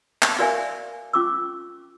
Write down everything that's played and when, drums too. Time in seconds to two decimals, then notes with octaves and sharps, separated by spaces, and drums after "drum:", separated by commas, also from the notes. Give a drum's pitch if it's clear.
0.22 drum: clap
0.39 F#4 A#4 D5 E5 F5 G#5
1.13 C#4 F4 C#6 D6 E6